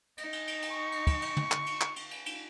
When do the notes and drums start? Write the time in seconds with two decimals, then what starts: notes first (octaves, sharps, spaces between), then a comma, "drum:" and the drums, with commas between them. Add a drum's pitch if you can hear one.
0.18 D#4, drum: cymbal
0.33 drum: cymbal
0.47 drum: cymbal
0.62 drum: cymbal
0.71 C#6
0.92 drum: cymbal
1.07 drum: kick, cymbal
1.22 drum: cymbal
1.37 drum: tom
1.52 drum: clap
1.66 drum: cymbal
1.81 drum: clap
1.96 drum: cymbal
2.11 drum: cymbal
2.26 drum: cymbal